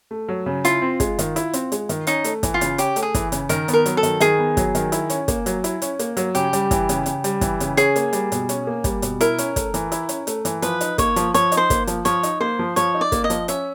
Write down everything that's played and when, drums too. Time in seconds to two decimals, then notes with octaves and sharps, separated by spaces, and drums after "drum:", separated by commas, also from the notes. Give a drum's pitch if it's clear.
0.11 A3
0.29 F#3
0.46 C#3
0.65 E4 F4, drum: hi-hat
0.82 C4
1.00 G#3, drum: kick, hi-hat
1.19 D#3, drum: hi-hat
1.36 E4, drum: hi-hat
1.53 C4, drum: hi-hat
1.72 G#3, drum: hi-hat
1.89 D#3, drum: hi-hat
2.07 C#4 D#4, drum: hi-hat
2.24 A3, drum: hi-hat
2.43 E3, drum: kick, hi-hat
2.54 F4
2.61 C#3, drum: hi-hat
2.78 C#4 G4, drum: hi-hat
2.96 A3, drum: hi-hat
3.03 G#4
3.14 E3, drum: kick, hi-hat
3.32 C#3, drum: hi-hat
3.49 D#3 A#4, drum: hi-hat
3.68 B3, drum: hi-hat
3.73 A#4
3.86 F#3, drum: hi-hat
3.97 A4
4.03 D#3, drum: hi-hat
4.20 D#3 G#4, drum: hi-hat
4.39 B3
4.57 F#3, drum: kick, hi-hat
4.75 D#3, drum: hi-hat
4.92 E4, drum: hi-hat
5.10 C#4, drum: hi-hat
5.28 A#3, drum: kick, hi-hat
5.46 F#3, drum: hi-hat
5.64 E4, drum: hi-hat
5.82 C#4, drum: hi-hat
5.99 A#3, drum: hi-hat
6.17 F#3, drum: hi-hat
6.35 C#3 G4, drum: hi-hat
6.53 G3, drum: hi-hat
6.71 E3, drum: kick, hi-hat
6.89 C#3, drum: hi-hat
7.06 C#3, drum: hi-hat
7.24 G3, drum: hi-hat
7.41 E3, drum: kick, hi-hat
7.60 C#3, drum: hi-hat
7.77 C#4 G#4, drum: hi-hat
7.96 A#3, drum: hi-hat
8.13 G3, drum: hi-hat
8.32 B2, drum: hi-hat
8.49 C#4, drum: hi-hat
8.67 A#3
8.84 G3, drum: kick, hi-hat
9.02 B2, drum: hi-hat
9.21 E4 A#4, drum: hi-hat
9.38 C#4, drum: hi-hat
9.56 A3, drum: kick, hi-hat
9.74 E3, drum: hi-hat
9.92 E4, drum: hi-hat
10.09 C#4, drum: hi-hat
10.27 A3, drum: hi-hat
10.45 E3, drum: hi-hat
10.62 F3 B4, drum: hi-hat
10.81 D#4, drum: hi-hat
10.98 A#3 C#5, drum: kick, hi-hat
11.16 F3, drum: hi-hat
11.34 F3 C#5, drum: hi-hat
11.52 D#4, drum: hi-hat
11.57 C5
11.70 A#3, drum: kick, hi-hat
11.87 F3, drum: hi-hat
12.05 F3 C#5, drum: hi-hat
12.23 D#4, drum: hi-hat
12.40 A#3 C5
12.59 F3
12.76 F3 C#5, drum: hi-hat
12.95 D#4
13.01 D5
13.12 A#3, drum: kick, hi-hat
13.24 D#5
13.30 F3, drum: hi-hat
13.48 C#4 E5, drum: hi-hat